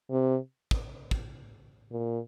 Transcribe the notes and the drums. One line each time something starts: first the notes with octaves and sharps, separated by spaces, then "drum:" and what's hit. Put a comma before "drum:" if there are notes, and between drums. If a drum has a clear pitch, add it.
C3
drum: kick
drum: kick
A#2